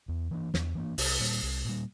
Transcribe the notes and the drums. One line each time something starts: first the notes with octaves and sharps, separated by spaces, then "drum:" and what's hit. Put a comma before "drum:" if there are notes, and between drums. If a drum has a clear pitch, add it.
E2
E3 A#3 D4
E2, drum: snare
E3 A#3 D4
C2, drum: open hi-hat
A#2 G3
C2
A#2 G3